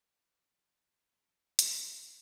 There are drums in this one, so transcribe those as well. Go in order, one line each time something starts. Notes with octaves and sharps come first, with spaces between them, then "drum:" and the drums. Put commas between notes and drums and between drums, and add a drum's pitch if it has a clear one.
F2 B5 D6
D3 A5 C6
B5
F2 A5 C6
D3 E5, drum: hi-hat
E5